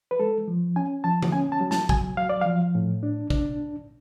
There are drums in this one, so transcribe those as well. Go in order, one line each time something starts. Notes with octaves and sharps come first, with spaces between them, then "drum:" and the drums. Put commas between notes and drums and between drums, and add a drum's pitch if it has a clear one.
B4
G#3 A4
F3
C#4 G#5
F3 A5
drum: tom D3
C#4 G#5
A5
F#3
A5, drum: snare
F#3 G#5, drum: kick
F#3 F5
D5
F3 F5
A2
D4
D4, drum: kick